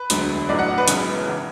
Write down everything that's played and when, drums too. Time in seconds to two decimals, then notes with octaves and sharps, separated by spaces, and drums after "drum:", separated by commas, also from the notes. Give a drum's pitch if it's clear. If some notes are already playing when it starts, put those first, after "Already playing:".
Already playing: B4
0.10 E1 D2 D3 F#3, drum: hi-hat
0.49 B1 A2 F#3 D5
0.58 F#5
0.78 B4
0.88 E1 E2 C#3 F#3, drum: hi-hat
1.28 E3